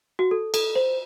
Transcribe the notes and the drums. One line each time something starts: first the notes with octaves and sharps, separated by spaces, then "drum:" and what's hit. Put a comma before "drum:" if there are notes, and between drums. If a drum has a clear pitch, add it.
F#4
A4
A4, drum: cymbal
C5